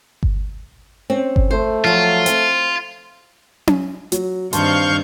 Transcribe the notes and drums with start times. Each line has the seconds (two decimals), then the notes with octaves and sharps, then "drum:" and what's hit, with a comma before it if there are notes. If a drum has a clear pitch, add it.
0.23 drum: kick G1
1.10 C4 C#4
1.36 drum: kick G1
1.51 A3 C5
1.84 F3 F#3 F4
2.26 C4, drum: hi-hat
3.67 drum: tom C#4
4.12 F#3, drum: hi-hat
4.53 G2 D#3 C4 F5 A5 C6 C#6 G6, drum: hi-hat